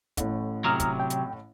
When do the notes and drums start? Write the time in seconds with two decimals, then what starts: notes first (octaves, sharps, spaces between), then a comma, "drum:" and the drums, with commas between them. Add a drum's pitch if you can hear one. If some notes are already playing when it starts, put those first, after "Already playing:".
0.17 A1 A2, drum: kick, hi-hat
0.64 C3 F#3 A#5 D#6 F6
0.80 drum: kick, hi-hat
1.00 G5
1.10 drum: hi-hat